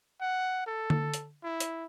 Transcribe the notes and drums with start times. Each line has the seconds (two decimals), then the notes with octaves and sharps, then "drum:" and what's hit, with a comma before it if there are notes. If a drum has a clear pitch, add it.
0.21 F#5
0.67 A4
0.90 drum: tom D3
1.14 drum: hi-hat
1.44 E4
1.60 drum: hi-hat